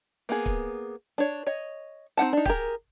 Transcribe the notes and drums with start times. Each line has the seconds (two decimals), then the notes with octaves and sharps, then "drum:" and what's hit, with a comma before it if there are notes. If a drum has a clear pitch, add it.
0.29 A#3 B3 G#4
0.46 drum: kick
1.18 D4 C#5
1.47 C#5 D#5
2.17 C4 D#4 F#5 A5
2.33 D4 D#4
2.46 G4 G#4 A#4, drum: kick